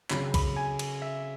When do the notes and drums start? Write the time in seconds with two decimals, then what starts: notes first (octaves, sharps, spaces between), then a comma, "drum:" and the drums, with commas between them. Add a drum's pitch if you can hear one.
0.10 C#3 F#3 C#4 G#4 B5, drum: clap
0.34 B5, drum: kick B1, cymbal
0.56 G#5
0.79 drum: cymbal
1.02 E5